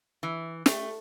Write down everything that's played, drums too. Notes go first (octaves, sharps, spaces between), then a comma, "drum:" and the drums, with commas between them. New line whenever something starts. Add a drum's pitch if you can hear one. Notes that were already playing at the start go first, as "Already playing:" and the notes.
E3
A3, drum: snare